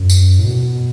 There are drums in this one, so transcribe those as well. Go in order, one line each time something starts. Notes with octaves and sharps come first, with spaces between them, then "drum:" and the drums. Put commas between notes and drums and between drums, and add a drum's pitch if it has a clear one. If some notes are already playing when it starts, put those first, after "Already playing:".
Already playing: F#2
drum: tambourine
A2
B2